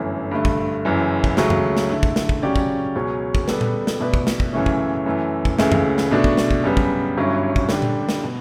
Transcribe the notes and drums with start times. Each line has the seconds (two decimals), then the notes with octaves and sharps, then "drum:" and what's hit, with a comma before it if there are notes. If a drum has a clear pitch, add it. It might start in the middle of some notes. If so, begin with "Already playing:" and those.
Already playing: G1 F#2 E3 A3
0.31 G2 D3 A3
0.45 drum: kick
0.85 F#1 F#2 E3
1.24 drum: kick
1.37 C#2 C#3 F#3 A3, drum: snare
1.50 drum: tom F#2
1.77 drum: snare
1.90 D3 A3 E4
2.03 drum: kick
2.16 drum: snare
2.29 drum: kick
2.42 C#3 F#3 C#4 G4 D5
2.56 drum: kick
2.95 C#2 B2 F#3 C#4
3.35 drum: kick
3.48 D3 G3 B3 D4 A4, drum: snare
3.61 drum: tom A#2
3.87 drum: snare
4.00 B2 A3 E4 B4 D5
4.14 drum: kick
4.27 drum: snare
4.40 drum: kick
4.53 F#2 C#3 E3 A3 C#4
4.66 drum: kick
5.06 F#2 E3 A3
5.45 drum: kick
5.59 C#2 C#3 E3 A3 E4, drum: snare
5.72 drum: tom F#2
5.98 drum: snare
6.11 B2 A3 D4 F#4
6.24 drum: kick
6.37 drum: snare
6.51 drum: kick
6.64 F#2 C#3 G3 B3
6.77 drum: kick
7.17 G1 G2 F#3 C#4 E4
7.56 drum: kick
7.69 D3 G3 D4 G4, drum: snare
7.82 drum: tom A#2
8.09 drum: snare
8.23 B2